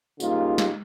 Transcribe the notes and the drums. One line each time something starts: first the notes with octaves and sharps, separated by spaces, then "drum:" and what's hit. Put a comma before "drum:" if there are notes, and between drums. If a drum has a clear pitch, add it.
G#2 C#3 G3 A#3 D#4 F4, drum: tambourine
drum: snare